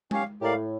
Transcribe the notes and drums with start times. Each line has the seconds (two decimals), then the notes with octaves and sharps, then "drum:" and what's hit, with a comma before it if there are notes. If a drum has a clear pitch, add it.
0.11 C#4 G4 C#5 F5, drum: tom G#3
0.41 A2 G4 A#4 D5 F5